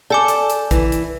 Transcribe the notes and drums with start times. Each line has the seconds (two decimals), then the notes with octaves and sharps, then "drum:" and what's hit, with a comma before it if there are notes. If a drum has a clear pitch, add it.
0.10 A4 D5 G#5 D6
0.28 drum: hi-hat
0.50 drum: hi-hat
0.71 E3, drum: kick A#1, hi-hat
0.92 drum: hi-hat